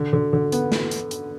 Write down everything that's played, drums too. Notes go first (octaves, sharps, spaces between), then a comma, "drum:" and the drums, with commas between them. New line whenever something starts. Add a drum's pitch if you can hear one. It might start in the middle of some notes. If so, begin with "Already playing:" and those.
Already playing: D3
D3
D3
B3, drum: hi-hat
drum: snare
drum: hi-hat
drum: hi-hat